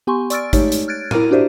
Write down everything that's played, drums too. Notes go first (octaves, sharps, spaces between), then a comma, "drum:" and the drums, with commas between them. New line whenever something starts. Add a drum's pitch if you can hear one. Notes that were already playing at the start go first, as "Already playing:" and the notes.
B3 G4 G#5 C6 C#6
D5 C#6 E6 F6 A6 D7, drum: hi-hat
G#3 A3 D#4 G4 C#5, drum: kick G#1, hi-hat
drum: hi-hat
F6 F#6 G#6 A6 D7
E4 A#4 A#5 D6 F6 D#7, drum: tom A2
D4 F#4 G4 C5 D5 E5